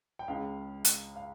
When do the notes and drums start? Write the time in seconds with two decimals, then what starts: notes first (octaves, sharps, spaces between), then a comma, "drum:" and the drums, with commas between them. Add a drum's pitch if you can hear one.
0.19 G5
0.28 C#2 C#3 G#3 F5
0.85 drum: hi-hat
1.16 F5